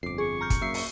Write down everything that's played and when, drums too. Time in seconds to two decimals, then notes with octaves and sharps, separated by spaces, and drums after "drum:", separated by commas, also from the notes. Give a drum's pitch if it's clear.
0.03 G1 F2 D6 C7
0.18 G#4 C#6
0.41 A#5 F6 G6
0.50 drum: kick, hi-hat
0.61 F#2 A#3 E5 C7
0.74 drum: open hi-hat